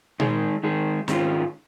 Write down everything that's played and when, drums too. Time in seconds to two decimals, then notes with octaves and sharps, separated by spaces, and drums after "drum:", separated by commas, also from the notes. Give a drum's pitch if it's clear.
0.20 D#3 G#3 D#4 G#4, drum: tom A#2
0.63 D#3 G#3 D#4 G#4
1.08 G#2 D#3 G#3 C#4 F4, drum: snare